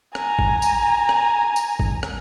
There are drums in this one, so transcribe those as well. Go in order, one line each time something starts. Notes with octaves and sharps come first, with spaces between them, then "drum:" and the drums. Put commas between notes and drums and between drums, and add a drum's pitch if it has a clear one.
G#5 A#5, drum: rim click
drum: kick
drum: tambourine
drum: rim click
drum: tambourine
drum: kick
drum: rim click